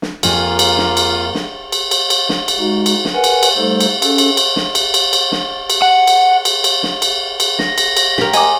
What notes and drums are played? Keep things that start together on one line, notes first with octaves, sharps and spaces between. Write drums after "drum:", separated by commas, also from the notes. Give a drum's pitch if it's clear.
drum: snare
F2 A#3 F4 G#5, drum: cymbal
drum: cymbal
drum: snare
drum: cymbal
drum: snare
drum: cymbal
drum: cymbal
drum: cymbal
drum: snare
drum: cymbal
G#3 D#4 F#4
drum: cymbal
drum: snare
A#4 B4 F#5 G#5
drum: cymbal
drum: cymbal
G3 A3 D#4 A4 C5
drum: cymbal
C#4 A4, drum: cymbal
drum: cymbal
drum: cymbal
drum: snare
drum: cymbal
drum: cymbal
drum: cymbal
drum: snare
drum: cymbal
F#5
drum: cymbal
drum: cymbal
drum: cymbal
drum: snare
drum: cymbal
drum: cymbal
A#6, drum: snare
drum: cymbal
drum: cymbal
G4 A#4, drum: snare
D#5 G#5 A#5 D6, drum: cymbal